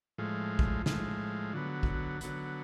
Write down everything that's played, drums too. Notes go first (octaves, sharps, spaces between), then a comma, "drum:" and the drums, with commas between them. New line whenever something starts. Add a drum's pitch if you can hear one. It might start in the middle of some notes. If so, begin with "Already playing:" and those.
A2 F3 G#3
drum: kick
A2 F3 G#3, drum: snare
D3 F#3 B3
drum: kick
D3 F#3 B3, drum: hi-hat